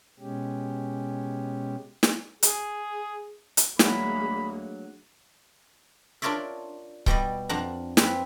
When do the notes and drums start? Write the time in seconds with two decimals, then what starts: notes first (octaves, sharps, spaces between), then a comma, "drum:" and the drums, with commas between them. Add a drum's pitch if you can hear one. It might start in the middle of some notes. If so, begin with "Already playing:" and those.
0.19 B2 G#3 C#4 G4
2.03 drum: snare
2.43 G#4, drum: hi-hat
3.57 drum: hi-hat
3.79 D2 F#3 G#3 A#3 B5, drum: snare
6.22 D4 F4 A#4 C#5 D5 E5
7.06 B2 G3 D5 D#5, drum: kick C#1
7.49 F2 D4 F#5 A#5
7.97 F3 C4 B4, drum: snare